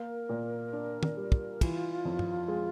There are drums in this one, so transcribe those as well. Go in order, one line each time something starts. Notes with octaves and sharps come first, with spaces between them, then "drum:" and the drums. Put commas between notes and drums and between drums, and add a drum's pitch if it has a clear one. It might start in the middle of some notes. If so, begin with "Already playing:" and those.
Already playing: A#3 A#4
A#2
D4
drum: tom
G3
drum: kick
E3 F4, drum: kick, cymbal
F2
drum: tom G2
G#3